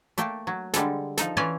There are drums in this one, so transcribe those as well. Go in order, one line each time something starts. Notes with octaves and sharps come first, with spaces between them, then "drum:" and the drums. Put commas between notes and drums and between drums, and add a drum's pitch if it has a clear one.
A3 A#3 G5 A5, drum: hi-hat
F#3
D3 G3 G#3 A4, drum: snare
F3 D#4 A4, drum: snare
E3 C#4 F4 D5 G#5 A5